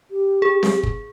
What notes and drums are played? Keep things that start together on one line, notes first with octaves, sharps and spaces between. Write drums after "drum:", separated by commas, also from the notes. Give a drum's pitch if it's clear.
G4
G#4
drum: snare C4
drum: kick